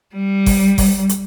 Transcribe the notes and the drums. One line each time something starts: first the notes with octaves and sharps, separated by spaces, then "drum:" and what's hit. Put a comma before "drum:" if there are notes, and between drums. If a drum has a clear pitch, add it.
G3
drum: kick G1, open hi-hat
drum: kick G1, open hi-hat
drum: hi-hat